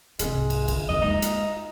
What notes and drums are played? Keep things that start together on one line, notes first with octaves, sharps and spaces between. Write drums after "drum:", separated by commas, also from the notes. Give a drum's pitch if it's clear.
C2 G#2 G#3, drum: hi-hat
drum: cymbal
D3, drum: cymbal
E2 D#3 D#5
G#3 A#3 D#4
drum: hi-hat